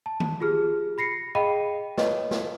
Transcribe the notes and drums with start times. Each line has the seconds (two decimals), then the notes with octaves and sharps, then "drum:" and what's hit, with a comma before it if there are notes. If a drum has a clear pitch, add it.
0.06 A5
0.20 drum: tom D#3
0.40 F4 G4 G#4 F6
0.98 B5 A#6 C7 C#7
1.35 G#4 D#5 F5 G5 B5 D#7
1.98 B4 C#5 D#5, drum: snare
2.31 drum: snare